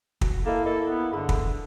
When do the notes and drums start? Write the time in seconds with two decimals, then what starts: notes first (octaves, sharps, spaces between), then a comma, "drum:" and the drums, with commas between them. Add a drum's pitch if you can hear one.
0.21 F#4, drum: kick
0.46 A#3 E4 A4 D#5
0.66 A4 A#4 D#5
0.86 B3
1.13 G2 D3 G#4 B5
1.29 drum: kick